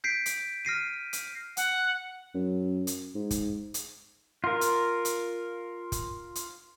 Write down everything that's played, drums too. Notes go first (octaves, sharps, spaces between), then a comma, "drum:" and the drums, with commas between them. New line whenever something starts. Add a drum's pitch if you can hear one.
G6 B6 C7 D7
drum: hi-hat
F6 A#6 C7 D#7
drum: hi-hat
F#5, drum: hi-hat
F#2
drum: hi-hat
G#2
drum: kick, hi-hat
drum: hi-hat
F4 A#4
drum: hi-hat
drum: hi-hat
drum: kick, hi-hat
drum: hi-hat